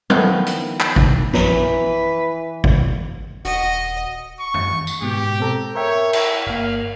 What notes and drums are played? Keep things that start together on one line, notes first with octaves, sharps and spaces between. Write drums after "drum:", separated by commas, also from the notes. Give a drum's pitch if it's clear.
D#3 F3 B3 E4, drum: tom F#3
drum: hi-hat
drum: clap
drum: kick G#1
A#1 F#2 E3 F#3 B4, drum: snare
drum: kick G#1
D#1 F#4 D#5
C#6
drum: tom F#2
drum: tambourine
G#2 B2 G4
C4 A4 A#5
A#4 C#5 E5 G5
E4, drum: cymbal
G1 A#3 F5